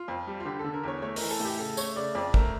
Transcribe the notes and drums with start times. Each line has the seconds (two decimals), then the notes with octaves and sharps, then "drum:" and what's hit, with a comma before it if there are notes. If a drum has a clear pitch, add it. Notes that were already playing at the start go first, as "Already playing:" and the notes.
Already playing: F4
0.08 F2
0.27 G3
0.40 F4
0.45 D3 G4
0.59 D3 A4
0.74 A#4
0.83 E2 C#5
1.02 A3 C#5
1.16 E3 A#4, drum: open hi-hat
1.31 A4
1.40 A2 G4
1.59 C#3 A4
1.77 A3 C#5, drum: tambourine
1.96 C#3 D5
2.15 F2 D5
2.34 A3 A#4, drum: kick